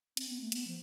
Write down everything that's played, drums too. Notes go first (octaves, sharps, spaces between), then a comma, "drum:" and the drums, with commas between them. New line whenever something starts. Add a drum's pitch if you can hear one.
C4, drum: hi-hat
B3
A3
B3, drum: hi-hat
F3